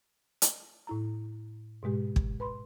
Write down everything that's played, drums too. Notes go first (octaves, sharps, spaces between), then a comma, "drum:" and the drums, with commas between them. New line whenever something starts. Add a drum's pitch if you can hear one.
drum: hi-hat
A2 E4 A#5
G#2 B2 G#3 G4
drum: kick
B4 B5 C6